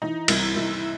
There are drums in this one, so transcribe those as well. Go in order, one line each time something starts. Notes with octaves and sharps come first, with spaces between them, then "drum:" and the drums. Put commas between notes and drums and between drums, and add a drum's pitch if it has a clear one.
E3 D#4
C2 E4, drum: cymbal
C2 E4